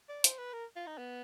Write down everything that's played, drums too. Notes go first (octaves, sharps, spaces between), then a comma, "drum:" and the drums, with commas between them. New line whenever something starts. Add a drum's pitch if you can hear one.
D5
C5, drum: hi-hat
B4
A#4
F4
D#4
B3